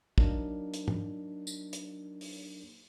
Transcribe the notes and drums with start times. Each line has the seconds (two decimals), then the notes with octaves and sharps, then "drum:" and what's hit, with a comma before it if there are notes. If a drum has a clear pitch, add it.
0.18 F#3 A#3 D4 D#4 A#4, drum: kick
0.74 drum: hi-hat
0.88 drum: tom
1.47 drum: tambourine
1.73 drum: hi-hat
2.21 drum: open hi-hat